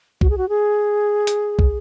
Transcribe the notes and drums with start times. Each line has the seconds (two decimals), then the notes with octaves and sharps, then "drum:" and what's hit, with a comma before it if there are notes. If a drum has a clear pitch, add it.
0.21 F#4, drum: kick
0.30 G#4
0.38 F#4
0.49 G#4
1.27 drum: hi-hat
1.59 drum: kick